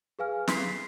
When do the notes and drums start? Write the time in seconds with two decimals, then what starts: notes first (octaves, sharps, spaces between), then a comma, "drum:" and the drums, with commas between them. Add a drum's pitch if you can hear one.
0.19 G#4 B4 F5 G#5 F6
0.48 C6 B6 C7, drum: snare